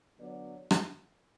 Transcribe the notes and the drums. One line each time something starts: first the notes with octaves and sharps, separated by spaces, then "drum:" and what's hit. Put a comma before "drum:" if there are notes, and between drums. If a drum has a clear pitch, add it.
D3 F#3 B3 D5
drum: rim click